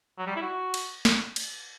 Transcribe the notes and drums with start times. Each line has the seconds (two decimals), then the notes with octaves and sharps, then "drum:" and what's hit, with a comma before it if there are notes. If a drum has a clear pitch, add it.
0.18 F#3
0.27 G3
0.36 E4
0.42 F#4
0.74 drum: cymbal
1.05 drum: snare
1.36 drum: cymbal